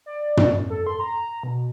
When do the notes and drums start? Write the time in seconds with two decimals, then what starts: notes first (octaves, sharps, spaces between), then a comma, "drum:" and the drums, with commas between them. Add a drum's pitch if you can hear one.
0.06 D5
0.37 drum: tom
0.50 F#2
0.70 A4
0.87 C6
1.00 A#5
1.43 B2